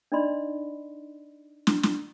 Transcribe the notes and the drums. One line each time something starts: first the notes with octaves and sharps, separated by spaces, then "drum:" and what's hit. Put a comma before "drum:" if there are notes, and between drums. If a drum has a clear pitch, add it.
D4 D#4 D5 D#5 B5 C6
drum: snare
drum: snare